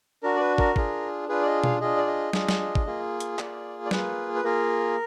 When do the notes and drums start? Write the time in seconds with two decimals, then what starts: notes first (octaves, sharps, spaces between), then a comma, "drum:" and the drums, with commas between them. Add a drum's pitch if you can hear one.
0.23 D4 F#4 A#4
0.36 D5
0.40 B4
0.58 A#4, drum: kick
0.76 D4 F4 G#4, drum: kick
1.28 D4 F4 G#4 B4
1.42 D5
1.46 D#5
1.64 F5, drum: tom B2
1.81 D4 F4 G#4 D#5
1.97 D5
2.07 D#5
2.33 D4 F4 G#4, drum: snare
2.49 drum: snare
2.75 drum: kick
2.86 A#3 F4 G#4
3.20 drum: hi-hat
3.39 A#3 F4 G#4 D5, drum: clap
3.86 D5
3.91 A#3 F4 G#4 B4, drum: snare
4.35 B4
4.44 A#3 F4 G#4 A#4